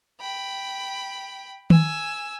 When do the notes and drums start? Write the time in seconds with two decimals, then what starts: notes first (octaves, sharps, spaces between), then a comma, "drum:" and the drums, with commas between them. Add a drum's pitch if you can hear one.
0.21 G5 B5
1.70 G#5 E6, drum: tom D#3